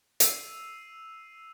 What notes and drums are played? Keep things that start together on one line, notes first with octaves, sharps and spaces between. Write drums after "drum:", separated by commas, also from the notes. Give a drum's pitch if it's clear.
E6 C7 D#7 F7, drum: hi-hat